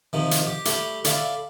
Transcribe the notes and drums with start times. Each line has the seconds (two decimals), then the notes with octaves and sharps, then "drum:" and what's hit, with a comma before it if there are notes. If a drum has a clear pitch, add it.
0.13 C3 D#3 F3
0.31 drum: hi-hat
0.47 G4
0.65 G3 A3 G4, drum: hi-hat
1.05 A4 D5 E5 F5 A5 B5, drum: hi-hat